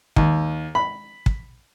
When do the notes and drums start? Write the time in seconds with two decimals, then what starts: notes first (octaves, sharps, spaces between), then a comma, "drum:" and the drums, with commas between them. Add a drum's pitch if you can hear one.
0.16 D#2, drum: kick
0.75 B5
1.26 drum: kick